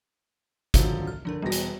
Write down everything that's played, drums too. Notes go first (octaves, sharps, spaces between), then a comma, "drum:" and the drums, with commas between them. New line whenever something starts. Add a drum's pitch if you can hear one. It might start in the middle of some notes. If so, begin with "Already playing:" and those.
D3 D#3 F3 F#3 E6, drum: kick G#1, hi-hat
F6
D3 F3 D4 A#4
E1 E2 G3 F#4 A#6
drum: hi-hat